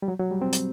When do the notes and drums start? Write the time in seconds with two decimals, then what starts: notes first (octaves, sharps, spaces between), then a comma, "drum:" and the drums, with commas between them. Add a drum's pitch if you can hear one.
0.02 G3
0.08 F#3
0.20 F#3
0.31 G3
0.42 C4
0.53 drum: hi-hat